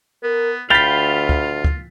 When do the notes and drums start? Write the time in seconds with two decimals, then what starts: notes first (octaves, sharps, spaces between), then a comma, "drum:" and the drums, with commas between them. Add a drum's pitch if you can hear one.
0.23 B3 A#4
0.70 D2 F4 F5 G5 B5 A6 B6
1.29 drum: kick C#2
1.64 drum: kick C#2